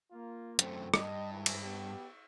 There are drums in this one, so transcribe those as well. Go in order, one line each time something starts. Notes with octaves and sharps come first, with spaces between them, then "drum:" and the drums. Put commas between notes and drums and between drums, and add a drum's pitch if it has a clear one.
A#3 F4
F#2 A3 C4, drum: hi-hat
G2 D#5, drum: rim click
G#2 D#3 E3
drum: cymbal
B3 G4